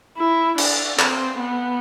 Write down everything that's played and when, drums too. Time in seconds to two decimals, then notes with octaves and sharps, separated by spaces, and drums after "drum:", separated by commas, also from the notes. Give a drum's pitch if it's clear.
0.17 E4
0.58 D4, drum: cymbal
0.99 C4, drum: clap
1.40 B3